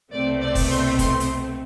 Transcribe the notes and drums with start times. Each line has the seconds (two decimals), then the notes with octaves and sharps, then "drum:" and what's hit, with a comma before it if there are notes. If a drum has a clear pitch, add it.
0.12 C2 B2 A3 C4 D5
0.41 D5
0.55 drum: kick, open hi-hat
0.70 C6
0.99 C6, drum: kick, hi-hat
1.20 drum: hi-hat